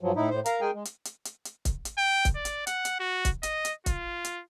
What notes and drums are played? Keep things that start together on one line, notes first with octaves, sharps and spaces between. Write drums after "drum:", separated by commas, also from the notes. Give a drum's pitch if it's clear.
G2 F3 F#3
A2 D#4 E4
A2 C5
A#4 F5 A#5, drum: hi-hat
G#3 G#4 A#4 G5 G#5
G#3
drum: hi-hat
drum: hi-hat
drum: hi-hat
drum: hi-hat
drum: kick, hi-hat
drum: hi-hat
G5
drum: kick, hi-hat
D5
drum: hi-hat
F#5, drum: hi-hat
drum: hi-hat
F#4
drum: kick, hi-hat
D#5, drum: hi-hat
drum: hi-hat
F4, drum: kick, hi-hat
drum: hi-hat